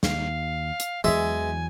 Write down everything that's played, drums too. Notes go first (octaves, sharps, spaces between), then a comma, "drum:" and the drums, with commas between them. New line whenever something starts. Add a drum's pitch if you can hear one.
D#2 F5, drum: snare
drum: hi-hat
E2 E3 F#3 G#3 E5 G#5